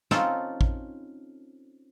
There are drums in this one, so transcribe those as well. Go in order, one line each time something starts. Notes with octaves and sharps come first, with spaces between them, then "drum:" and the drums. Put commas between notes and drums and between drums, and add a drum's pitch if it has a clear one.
C4 C#4 D#4 F4 A4, drum: snare
drum: kick